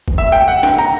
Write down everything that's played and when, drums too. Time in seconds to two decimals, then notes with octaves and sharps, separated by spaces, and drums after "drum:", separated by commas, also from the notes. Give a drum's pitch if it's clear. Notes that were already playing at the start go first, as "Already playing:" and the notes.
0.08 drum: kick F#1
0.18 E5
0.32 G5
0.48 F#5
0.63 G5, drum: snare
0.78 A#5